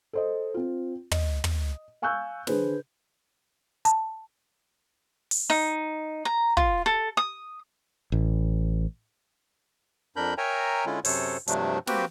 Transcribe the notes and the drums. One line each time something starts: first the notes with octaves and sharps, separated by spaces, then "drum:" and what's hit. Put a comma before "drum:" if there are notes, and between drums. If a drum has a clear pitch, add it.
A4 C5 D#5
C4 F4
D#5, drum: tom
drum: tom
F5 G#5 C#6 E6 F#6 G6
D3 G#4 B4 C5, drum: snare
A5, drum: hi-hat
drum: open hi-hat
D#4
A#5
F4, drum: kick
A4
D#6
A1
F2 D4 A#4 B5 G6
A#4 C#5 E5 G5 G#5 A#5
D3 G#3 C#4 E4 F4
F#2 C3 A4 C5 C#5, drum: open hi-hat
G2 C3 F3 F#3 A3 D4, drum: hi-hat
A#3 C4 F#4 G4 B4 G5, drum: snare